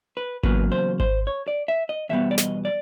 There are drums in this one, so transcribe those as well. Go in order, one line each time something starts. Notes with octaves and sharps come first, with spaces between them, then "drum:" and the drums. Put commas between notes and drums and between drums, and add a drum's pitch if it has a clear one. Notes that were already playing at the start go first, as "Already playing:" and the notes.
B4
E2 C#3 F#3 A#3 B4, drum: kick G#1
C5
C5, drum: kick G#1
C#5
D5
E5
D#5
E2 B2 G3 B3 E5
D5
D#5, drum: snare
D5